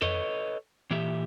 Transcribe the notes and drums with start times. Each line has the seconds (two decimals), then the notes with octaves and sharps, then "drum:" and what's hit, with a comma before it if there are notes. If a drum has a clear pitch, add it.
0.02 A4 B4 C#5 D#5, drum: tom F2
0.91 A#2 E3 G4 E5